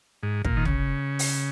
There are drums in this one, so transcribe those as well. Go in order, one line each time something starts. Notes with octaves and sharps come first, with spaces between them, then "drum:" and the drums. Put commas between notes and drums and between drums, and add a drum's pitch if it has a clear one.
G#2
A#2, drum: kick
D#3
C#3, drum: tom
drum: open hi-hat